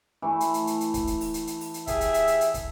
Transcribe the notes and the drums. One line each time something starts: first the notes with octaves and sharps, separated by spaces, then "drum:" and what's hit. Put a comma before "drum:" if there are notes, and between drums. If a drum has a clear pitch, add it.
E3 A3
drum: hi-hat
drum: hi-hat
drum: hi-hat
drum: hi-hat
drum: kick, hi-hat
drum: hi-hat
drum: open hi-hat
drum: hi-hat
drum: hi-hat
drum: open hi-hat
drum: hi-hat
G4 G#4 E5, drum: kick, hi-hat
drum: hi-hat
drum: hi-hat
drum: hi-hat
drum: hi-hat
drum: kick, hi-hat